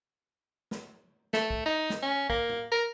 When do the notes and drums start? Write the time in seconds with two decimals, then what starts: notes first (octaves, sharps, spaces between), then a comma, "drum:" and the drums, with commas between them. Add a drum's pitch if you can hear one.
0.71 drum: snare
1.33 A3, drum: snare
1.50 drum: kick
1.66 D#4
1.90 drum: snare
2.03 C#4
2.30 A#3, drum: kick
2.49 drum: tom A2
2.72 A#4